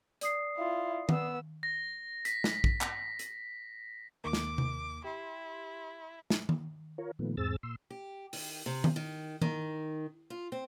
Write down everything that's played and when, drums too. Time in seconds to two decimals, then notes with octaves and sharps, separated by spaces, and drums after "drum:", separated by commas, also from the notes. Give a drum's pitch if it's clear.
0.21 D5 D#6 C7, drum: hi-hat
0.57 E4 F4
1.09 B3 E6, drum: tom D#3
1.63 A#6
2.25 B6, drum: hi-hat
2.44 drum: snare
2.64 drum: kick A#1
2.81 drum: clap
3.19 drum: hi-hat
4.24 D#2 D#3 A#3 D6
4.33 drum: snare
4.58 drum: tom C3
5.04 E4 G4 C6
6.30 drum: snare
6.49 drum: tom D#3
6.98 F4 A#4 C#5
7.19 A#2 D#3 F3 A3 B3
7.37 E2 G#2 C4 G#4 E6 A6
7.63 A#2 C6 E6
7.90 G4
8.33 D#3, drum: open hi-hat
8.66 C3
8.84 drum: tom D#3
8.96 D#3
9.42 D#3, drum: tom D#3
10.30 F4
10.52 C4